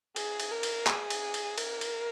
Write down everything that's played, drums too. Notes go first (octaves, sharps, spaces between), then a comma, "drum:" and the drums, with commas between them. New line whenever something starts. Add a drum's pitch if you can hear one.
G#4, drum: cymbal
drum: cymbal
A#4
drum: cymbal
G#4, drum: clap
drum: cymbal
drum: cymbal
A#4, drum: cymbal
drum: cymbal